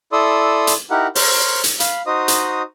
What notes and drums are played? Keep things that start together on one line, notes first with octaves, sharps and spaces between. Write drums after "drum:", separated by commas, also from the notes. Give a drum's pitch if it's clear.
E4 A4 D5 C6 D#6 E6
drum: hi-hat
D#4 E4 G4 A#4 F#5
A#4 C5 C#5 G6, drum: open hi-hat
drum: hi-hat
F5 B5, drum: hi-hat
D#4 F#4 C5 D#5 D#6
drum: hi-hat